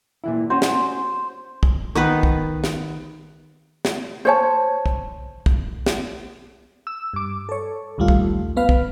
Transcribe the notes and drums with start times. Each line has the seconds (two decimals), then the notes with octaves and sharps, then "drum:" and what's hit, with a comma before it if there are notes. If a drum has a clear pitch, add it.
0.24 A#2 E3 E4
0.50 C#4 F#4 C5
0.62 drum: snare
1.63 drum: kick
1.95 D#3 B3 B4
2.23 drum: kick
2.64 drum: snare
3.85 drum: snare
4.25 C5 C#5 A5
4.86 drum: kick
5.46 drum: kick
5.86 drum: snare
6.87 E6
7.14 G2 D6
7.49 A4 C#5
7.98 A#1 D#2 G3 A3 F4
8.08 drum: kick
8.57 B3 B4 F5
8.69 drum: kick